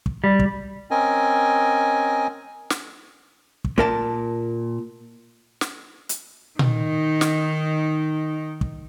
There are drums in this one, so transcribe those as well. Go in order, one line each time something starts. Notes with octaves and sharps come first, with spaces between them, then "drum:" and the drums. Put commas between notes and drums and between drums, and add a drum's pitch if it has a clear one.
drum: kick
G3
drum: kick
C4 C#4 A#4 D#5 G#5
drum: snare
drum: kick
A#2 A#4 A5, drum: kick
drum: snare
drum: hi-hat
D#3 D#4, drum: tom A#2
drum: snare
drum: kick